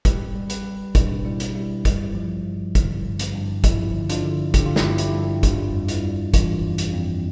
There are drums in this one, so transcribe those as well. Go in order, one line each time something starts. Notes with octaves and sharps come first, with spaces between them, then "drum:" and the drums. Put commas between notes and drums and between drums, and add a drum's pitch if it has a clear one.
G3 G4 B4, drum: kick, hi-hat
G3
G4 B4, drum: hi-hat
G3
B2 D4, drum: kick, hi-hat
G3 E4
drum: hi-hat
G3 E4
G2, drum: kick, hi-hat
F3
G2
D3, drum: kick, hi-hat
G2
drum: hi-hat
G2
F3 E4, drum: kick, hi-hat
D3
D4 F4, drum: hi-hat
D3
D3 G4, drum: kick, hi-hat
F4
E4 G4, drum: snare
G2
E4 G4, drum: hi-hat
G2
G3 D4 F4, drum: kick, hi-hat
F2
E4, drum: hi-hat
G3
E3 D4 F4, drum: kick, hi-hat
F2
drum: hi-hat
F2